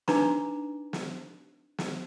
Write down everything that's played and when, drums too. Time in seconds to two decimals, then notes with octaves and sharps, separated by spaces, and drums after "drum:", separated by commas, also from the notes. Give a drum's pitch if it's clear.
0.08 D4 D#4 B4 A#5 D6, drum: snare
0.93 drum: snare
1.78 drum: snare